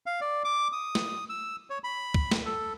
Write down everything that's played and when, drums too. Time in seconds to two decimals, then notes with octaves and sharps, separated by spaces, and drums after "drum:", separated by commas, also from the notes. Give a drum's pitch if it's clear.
0.06 F5
0.21 D5
0.44 D6
0.72 D#6
0.95 drum: snare
1.29 E6
1.70 C#5
1.84 B5
2.14 drum: kick
2.31 drum: snare
2.46 A4